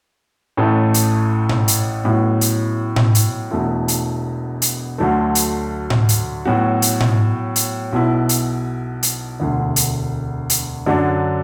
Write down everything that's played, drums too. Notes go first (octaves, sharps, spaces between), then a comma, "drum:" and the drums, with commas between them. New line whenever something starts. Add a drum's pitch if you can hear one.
A1 A2 A3
drum: hi-hat
drum: tom A2
drum: hi-hat
A1 A2 F#3 B3
drum: hi-hat
drum: tom A2
drum: hi-hat
E1 E2 B2 A3 E4
drum: hi-hat
drum: hi-hat
D2 D3 F#3 A3
drum: hi-hat
drum: tom A2
drum: hi-hat
A2 F#3 B3 F#4
drum: hi-hat
drum: tom A2
drum: hi-hat
B1 B2 B3 E4
drum: hi-hat
drum: hi-hat
E1 D2 D3
drum: hi-hat
drum: hi-hat
F#2 D3 F#3 D4